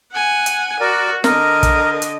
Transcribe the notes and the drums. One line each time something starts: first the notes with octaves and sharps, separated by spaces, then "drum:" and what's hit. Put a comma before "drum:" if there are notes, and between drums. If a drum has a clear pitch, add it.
F#5 G#5
drum: hi-hat
F#4 A#4 D5
D3 A#4 D#5, drum: snare
drum: kick, hi-hat
drum: hi-hat